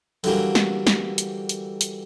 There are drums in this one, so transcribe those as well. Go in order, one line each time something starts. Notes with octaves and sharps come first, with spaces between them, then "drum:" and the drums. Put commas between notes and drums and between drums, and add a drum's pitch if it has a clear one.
D3 E3 F#3 G3 A#3, drum: open hi-hat
drum: snare
drum: snare
drum: hi-hat
drum: hi-hat
drum: hi-hat